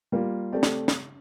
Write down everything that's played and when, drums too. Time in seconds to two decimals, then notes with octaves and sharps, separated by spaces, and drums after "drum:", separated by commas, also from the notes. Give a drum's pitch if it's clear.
0.12 G3 A#3 F4
0.52 A3 C4 G4 D5
0.63 drum: snare
0.88 drum: snare